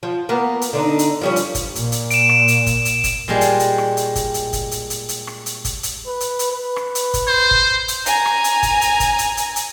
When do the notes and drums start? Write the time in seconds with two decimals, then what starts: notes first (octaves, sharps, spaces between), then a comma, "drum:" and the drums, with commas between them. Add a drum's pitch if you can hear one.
0.03 F3
0.29 A#3 B3
0.61 drum: hi-hat
0.73 D3 D4 D#4
0.99 drum: hi-hat
1.21 F3 G3 C#4
1.36 drum: hi-hat
1.55 drum: kick, hi-hat
1.75 A#2, drum: hi-hat
1.92 drum: hi-hat
2.11 D7 E7, drum: hi-hat
2.29 drum: rim click
2.48 drum: hi-hat
2.66 drum: kick, hi-hat
2.85 drum: hi-hat
3.04 drum: kick, hi-hat
3.28 A#2 G3 G#3
3.41 drum: hi-hat
3.60 drum: hi-hat
3.78 drum: rim click
3.97 drum: hi-hat
4.16 drum: kick, hi-hat
4.34 drum: hi-hat
4.53 drum: kick, hi-hat
4.71 drum: hi-hat
4.90 drum: hi-hat
5.09 drum: hi-hat
5.27 drum: rim click
5.46 drum: hi-hat
5.65 drum: kick, hi-hat
5.83 drum: hi-hat
6.07 B4
6.20 drum: hi-hat
6.39 drum: hi-hat
6.52 B4
6.76 drum: rim click
6.95 drum: hi-hat
7.14 drum: kick, hi-hat
7.27 C5
7.51 drum: kick
7.88 drum: hi-hat
8.06 G#5 A#5, drum: hi-hat
8.25 drum: rim click
8.44 drum: hi-hat
8.63 drum: kick, hi-hat
8.81 drum: hi-hat
9.00 drum: kick, hi-hat
9.19 drum: hi-hat
9.37 drum: hi-hat
9.56 drum: hi-hat